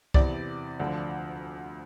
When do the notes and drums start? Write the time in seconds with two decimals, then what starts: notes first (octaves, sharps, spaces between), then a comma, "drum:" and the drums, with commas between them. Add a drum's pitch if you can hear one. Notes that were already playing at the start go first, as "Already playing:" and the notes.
0.14 E2 C3 E3 D5, drum: kick C2
0.80 D2 D3 F3